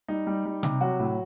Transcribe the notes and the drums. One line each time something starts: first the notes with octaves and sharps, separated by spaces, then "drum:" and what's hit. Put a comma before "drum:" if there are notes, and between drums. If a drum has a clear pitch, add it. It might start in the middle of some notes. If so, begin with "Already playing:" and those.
G3 D#4
G3
G3
C3, drum: tom C3
F#3 F#4
A2